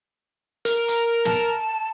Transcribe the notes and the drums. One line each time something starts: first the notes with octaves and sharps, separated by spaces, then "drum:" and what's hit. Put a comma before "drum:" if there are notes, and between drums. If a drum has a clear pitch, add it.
A#4, drum: hi-hat
drum: hi-hat
A5, drum: snare